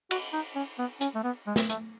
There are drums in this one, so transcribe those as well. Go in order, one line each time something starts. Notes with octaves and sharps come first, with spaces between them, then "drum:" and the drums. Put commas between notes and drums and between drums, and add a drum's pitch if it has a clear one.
F#4, drum: cymbal
D#4
C#4
B3
C#4, drum: hi-hat
A3
B3
G#3
drum: snare
A3, drum: hi-hat